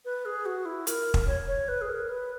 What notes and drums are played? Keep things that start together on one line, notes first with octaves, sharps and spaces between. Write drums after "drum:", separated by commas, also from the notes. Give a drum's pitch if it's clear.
B4
G#4
F#4
E4
A#4, drum: hi-hat
drum: kick
C#5
C#5
B4
G#4
A#4
B4